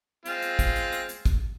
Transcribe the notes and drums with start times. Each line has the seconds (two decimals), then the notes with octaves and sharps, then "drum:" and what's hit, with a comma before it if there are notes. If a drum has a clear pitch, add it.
0.26 G#3 C4 F4, drum: hi-hat
0.42 drum: hi-hat
0.59 drum: kick, hi-hat
0.76 drum: hi-hat
0.92 drum: hi-hat
1.09 drum: hi-hat
1.25 drum: kick, hi-hat